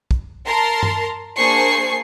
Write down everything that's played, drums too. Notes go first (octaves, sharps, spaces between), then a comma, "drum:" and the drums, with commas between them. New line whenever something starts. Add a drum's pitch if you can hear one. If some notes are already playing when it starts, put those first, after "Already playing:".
drum: kick
A#4 A5 A#5 C6
drum: tom G2
A#3 D4 G#4 C5 C#6 C7